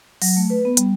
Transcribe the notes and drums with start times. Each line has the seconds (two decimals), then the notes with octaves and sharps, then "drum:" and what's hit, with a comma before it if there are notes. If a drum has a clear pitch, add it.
0.22 F#3, drum: open hi-hat
0.36 A3
0.50 B4
0.65 B3
0.77 G3, drum: hi-hat